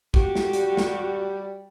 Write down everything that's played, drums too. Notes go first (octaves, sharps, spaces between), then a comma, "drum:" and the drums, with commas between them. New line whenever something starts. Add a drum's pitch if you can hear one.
F#4 G4, drum: kick
drum: snare
G3, drum: hi-hat
drum: snare